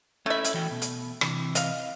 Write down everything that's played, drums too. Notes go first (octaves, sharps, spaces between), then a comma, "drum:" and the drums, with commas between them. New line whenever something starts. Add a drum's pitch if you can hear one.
A3 C#4 E4 E5
drum: hi-hat
E3 F#4 G5
B2
drum: hi-hat
C3 E3, drum: rim click
D#5 F5, drum: hi-hat